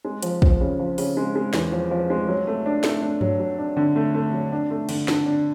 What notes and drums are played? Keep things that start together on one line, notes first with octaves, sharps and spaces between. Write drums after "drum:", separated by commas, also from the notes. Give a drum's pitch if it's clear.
G#3
F3, drum: hi-hat
F3, drum: kick
C#3
F3
C#3, drum: open hi-hat
G#3
G#3
E2, drum: snare
F3
F3
G#3
F#3
A3
D4
A3, drum: snare
D4
F#3, drum: tom G2
F#3
D4
D3
A3
A3
F#3
D4
A3
D3, drum: cymbal
D3, drum: snare
D4